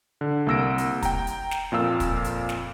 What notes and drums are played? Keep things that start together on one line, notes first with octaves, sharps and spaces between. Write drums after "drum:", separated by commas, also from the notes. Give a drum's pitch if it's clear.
D3
C2 A#3 E6 A#6 D7
drum: hi-hat
G5 A#5, drum: kick, hi-hat
drum: hi-hat
drum: snare
F2 A#2 F5 E6
drum: kick, hi-hat
drum: hi-hat
drum: snare